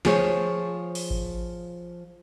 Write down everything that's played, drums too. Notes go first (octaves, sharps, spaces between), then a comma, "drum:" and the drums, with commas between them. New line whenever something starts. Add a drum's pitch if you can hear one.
F3 F4 G#4 C5 C#5, drum: snare
drum: open hi-hat
drum: kick G#1